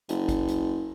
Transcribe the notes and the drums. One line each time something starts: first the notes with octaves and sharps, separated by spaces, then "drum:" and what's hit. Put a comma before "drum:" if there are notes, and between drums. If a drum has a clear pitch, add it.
F#1, drum: hi-hat
drum: kick, hi-hat
drum: hi-hat